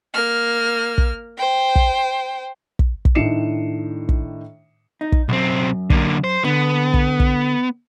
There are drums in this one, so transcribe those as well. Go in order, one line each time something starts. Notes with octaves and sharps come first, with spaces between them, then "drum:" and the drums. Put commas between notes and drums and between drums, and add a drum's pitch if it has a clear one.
A#3 F6
drum: kick
C5 G5
drum: kick
drum: kick
drum: kick
A2 D#3 D4 C7 C#7 E7
drum: kick
D#4
drum: kick
B1 F#2 C4
D3 A#3, drum: kick
C5
D3 B3
drum: kick
drum: kick